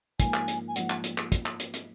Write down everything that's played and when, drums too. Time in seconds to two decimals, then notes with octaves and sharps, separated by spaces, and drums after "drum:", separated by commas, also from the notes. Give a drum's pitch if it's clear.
0.20 G#2 F3 A#3 G#5, drum: kick, hi-hat
0.34 drum: clap
0.48 drum: hi-hat
0.68 G#5
0.76 G#2 F3 A#3 F#5, drum: hi-hat
0.90 drum: clap
1.04 drum: hi-hat
1.18 drum: clap
1.32 drum: kick, hi-hat
1.46 drum: clap
1.60 drum: hi-hat
1.74 drum: hi-hat